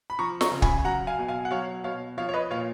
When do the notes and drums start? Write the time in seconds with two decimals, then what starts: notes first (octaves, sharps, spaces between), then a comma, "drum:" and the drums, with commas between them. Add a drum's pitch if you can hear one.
0.10 B5
0.19 F3 A#5 C#6
0.41 A#5 C#6, drum: snare
0.51 C#3
0.62 G#5 B5, drum: kick
0.84 F#3 F#5 A#5
1.07 F5 G#5
1.18 B2
1.28 F5 G#5
1.45 F#5
1.51 F#3 C#5 F5
1.84 B2 C#5 F5
2.17 F3 C#5 F5
2.29 C#5
2.34 B4 D#5
2.50 A#2 C#5 F5